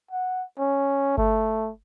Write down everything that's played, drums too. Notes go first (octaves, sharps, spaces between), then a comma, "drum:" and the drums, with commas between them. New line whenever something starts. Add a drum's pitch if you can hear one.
F#5
C#4
A3, drum: kick G1